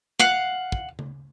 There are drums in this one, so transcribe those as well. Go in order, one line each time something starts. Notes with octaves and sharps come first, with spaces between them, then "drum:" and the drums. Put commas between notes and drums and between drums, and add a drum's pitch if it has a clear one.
F5 F#5 F#6, drum: snare
drum: kick
drum: tom C#3